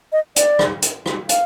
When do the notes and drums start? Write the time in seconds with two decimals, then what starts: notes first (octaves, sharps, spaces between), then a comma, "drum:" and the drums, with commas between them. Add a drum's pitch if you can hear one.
0.12 D#5
0.36 D5, drum: hi-hat
0.59 drum: rim click
0.82 drum: hi-hat
1.06 drum: rim click
1.29 F5, drum: hi-hat